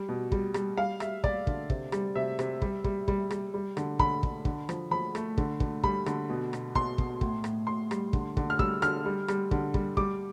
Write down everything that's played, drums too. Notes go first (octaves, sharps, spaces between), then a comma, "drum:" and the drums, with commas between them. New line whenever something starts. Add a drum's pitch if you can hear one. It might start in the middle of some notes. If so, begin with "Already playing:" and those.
Already playing: G3
B2
G3, drum: kick
G3, drum: rim click
G3 F5
G3 E5, drum: rim click
G3 D5, drum: kick
D3, drum: kick
C3, drum: kick
G3, drum: rim click
C3 E5
C3, drum: rim click
G3, drum: kick
G3, drum: kick
G3, drum: kick
G3, drum: rim click
G3
D3, drum: rim click
D3 B5, drum: kick
D3, drum: kick
D3, drum: kick
F3, drum: rim click
F3 B5
A3, drum: rim click
D3, drum: kick
D3, drum: kick
G3 B5, drum: kick
D3, drum: rim click
B2
B2, drum: rim click
B2 C6, drum: kick
B2, drum: kick
A2, drum: kick
A2, drum: rim click
A2 C6
G3, drum: rim click
D3, drum: kick
D3, drum: kick
F6
G3 E6, drum: kick
D3 F6, drum: rim click
G3
G3, drum: rim click
D3, drum: kick
G3, drum: kick
G3 D6, drum: kick